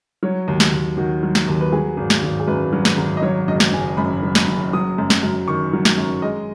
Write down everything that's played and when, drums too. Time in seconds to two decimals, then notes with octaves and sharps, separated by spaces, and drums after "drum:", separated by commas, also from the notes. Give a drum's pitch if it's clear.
0.23 F#3 C#5
0.48 D#2
0.60 drum: snare
0.72 D#2
0.97 D#3 F#4
1.23 F#3
1.35 drum: snare
1.48 D#2
1.61 B4
1.72 F#3 G#4
1.97 G#1
2.10 drum: snare
2.23 G#1
2.39 G#4
2.48 F#2 B4
2.73 F#3
2.85 drum: snare
2.97 G#1
3.17 D#5
3.22 F#3 C#5
3.48 F#1 D#5
3.60 drum: snare
3.72 F#1 G#5
3.97 F#2 B5
4.23 F#3
4.35 drum: snare
4.48 F#1
4.73 F#3 D#6
4.98 F#2
5.10 drum: snare
5.23 F#2
5.48 D#3 C#6
5.73 F#3
5.85 drum: snare
5.98 F#2
6.22 G#3 D#5